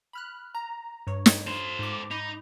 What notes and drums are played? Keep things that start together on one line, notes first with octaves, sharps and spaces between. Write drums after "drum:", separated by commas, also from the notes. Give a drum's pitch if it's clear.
B5 F6 F#6
A#5
G2 C#5
drum: snare
A4 C5
G#2 D6
D#4 B5